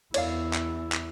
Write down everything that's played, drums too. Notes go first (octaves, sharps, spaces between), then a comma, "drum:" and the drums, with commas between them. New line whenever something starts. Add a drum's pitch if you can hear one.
E2 E4 C#5 D5 F5, drum: cymbal
drum: clap
drum: clap